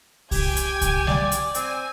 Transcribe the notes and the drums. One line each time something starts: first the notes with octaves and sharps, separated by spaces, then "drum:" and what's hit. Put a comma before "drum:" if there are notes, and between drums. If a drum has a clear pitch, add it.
G4 G5 G#5 G#6, drum: kick C2, open hi-hat
drum: hi-hat
drum: kick C2, hi-hat
D5, drum: snare G3
drum: hi-hat
C4 G#5, drum: hi-hat